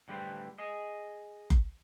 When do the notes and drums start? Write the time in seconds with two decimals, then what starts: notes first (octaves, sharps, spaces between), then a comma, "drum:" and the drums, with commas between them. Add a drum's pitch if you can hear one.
0.08 A2 D3 G3 G4 B4 C5
0.58 G#4 D#5
1.50 drum: kick F#1